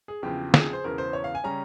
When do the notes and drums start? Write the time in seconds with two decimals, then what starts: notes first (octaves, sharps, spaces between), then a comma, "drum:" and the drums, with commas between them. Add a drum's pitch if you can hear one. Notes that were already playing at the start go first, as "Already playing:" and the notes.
0.08 G#4
0.23 E2 C#3 F3 C4 G4
0.54 G#4, drum: snare
0.73 C5
0.84 E1 E2 C#3 E3 A#4
0.98 C5
1.13 C#5
1.24 F5
1.35 G#5
1.44 C#3 G3 C#4 A#5